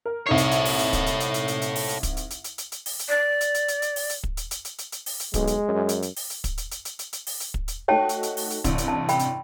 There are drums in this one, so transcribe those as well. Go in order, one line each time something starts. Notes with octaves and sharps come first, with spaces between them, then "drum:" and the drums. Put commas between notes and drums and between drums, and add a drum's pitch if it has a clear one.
A#4
C2 D#4 A4 C#5 C7
drum: hi-hat
drum: hi-hat
drum: open hi-hat
drum: hi-hat
drum: kick, hi-hat
drum: hi-hat
drum: hi-hat
drum: hi-hat
drum: hi-hat
drum: hi-hat
drum: open hi-hat
drum: hi-hat
drum: kick, hi-hat
drum: hi-hat
drum: hi-hat
drum: hi-hat
drum: hi-hat
drum: hi-hat
drum: open hi-hat
drum: hi-hat
D5
drum: hi-hat
drum: hi-hat
drum: hi-hat
drum: hi-hat
drum: open hi-hat
drum: hi-hat
drum: kick
drum: hi-hat
drum: hi-hat
drum: hi-hat
drum: hi-hat
drum: hi-hat
drum: open hi-hat
drum: hi-hat
B1 G#3, drum: kick, hi-hat
drum: hi-hat
F#2
drum: hi-hat
drum: hi-hat
drum: open hi-hat
drum: hi-hat
drum: kick, hi-hat
drum: hi-hat
drum: hi-hat
drum: hi-hat
drum: hi-hat
drum: hi-hat
drum: open hi-hat
drum: hi-hat
drum: kick
drum: hi-hat
A3 D#4 F#4 C#5 G5 A5
drum: hi-hat
drum: hi-hat
drum: open hi-hat
drum: hi-hat
A1 G2 C3, drum: kick, hi-hat
drum: hi-hat
A5
G5 B5, drum: hi-hat
drum: hi-hat